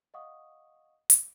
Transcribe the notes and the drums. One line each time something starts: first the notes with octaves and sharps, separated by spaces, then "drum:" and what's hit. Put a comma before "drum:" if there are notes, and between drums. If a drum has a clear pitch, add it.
D#5 F5 F#5 C#6 D#6
drum: hi-hat